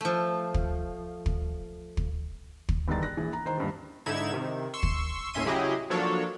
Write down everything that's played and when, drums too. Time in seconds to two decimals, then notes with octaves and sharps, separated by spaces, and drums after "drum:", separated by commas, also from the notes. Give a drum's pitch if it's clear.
0.01 F3 A3
0.54 drum: kick
1.26 drum: kick
1.97 drum: kick
2.69 drum: kick
2.88 E2 G2 D3 D#3 A#5 A6
3.03 F#6 A#6
3.17 A#1 E3 G#4
3.33 A#5
3.45 D#3 C5 A#5
3.58 D#1 G2 D#3
4.06 G#2 D3 D#4 E4 G#6 E7
4.32 C3 D#3
4.74 C6 C#6 E6
4.83 drum: kick
5.34 D#2 A2 C#4 E5 C6 D#7
5.45 C#3 F#3 E4 G4 G#4 D#5
5.90 F3 F#3 A#3 D4 A4 C#5